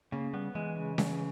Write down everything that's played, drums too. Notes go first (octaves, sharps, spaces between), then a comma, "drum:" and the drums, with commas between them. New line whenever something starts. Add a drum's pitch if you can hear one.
C#3 A#3
G3 B3
E3 G#3
C#3
C#3, drum: snare C#4